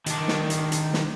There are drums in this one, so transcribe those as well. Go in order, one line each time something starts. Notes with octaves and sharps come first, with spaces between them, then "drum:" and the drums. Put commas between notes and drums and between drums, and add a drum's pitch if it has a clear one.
D#3 D4, drum: hi-hat
drum: snare
drum: hi-hat
drum: hi-hat
drum: snare